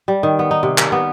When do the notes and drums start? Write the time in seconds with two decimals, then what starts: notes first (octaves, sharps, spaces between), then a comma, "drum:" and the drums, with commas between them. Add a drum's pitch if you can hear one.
0.08 G3
0.23 D#3
0.39 B3
0.51 D#4
0.63 C3
0.78 A#3, drum: clap
0.92 B3